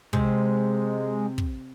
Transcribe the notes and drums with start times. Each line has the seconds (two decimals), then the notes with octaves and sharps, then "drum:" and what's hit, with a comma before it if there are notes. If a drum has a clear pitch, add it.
0.13 C3 G#3, drum: kick
1.38 drum: kick